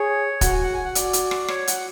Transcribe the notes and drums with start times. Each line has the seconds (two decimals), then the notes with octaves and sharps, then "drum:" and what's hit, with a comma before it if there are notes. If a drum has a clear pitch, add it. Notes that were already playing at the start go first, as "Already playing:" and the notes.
Already playing: G#4 C#5
0.41 F#4 F#5, drum: kick, hi-hat
0.52 G#5
0.63 F#5
0.74 G#5
0.85 F#5
0.95 F#4 D5, drum: hi-hat
1.13 drum: hi-hat
1.31 drum: rim click
1.48 C#5, drum: rim click
1.67 F#5, drum: hi-hat